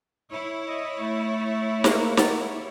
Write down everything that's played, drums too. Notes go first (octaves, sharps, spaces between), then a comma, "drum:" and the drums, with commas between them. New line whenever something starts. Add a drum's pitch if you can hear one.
E4 C#5
D#5
A3
A#3 G#4 C5 F5, drum: snare
F#5 A#5 A6, drum: snare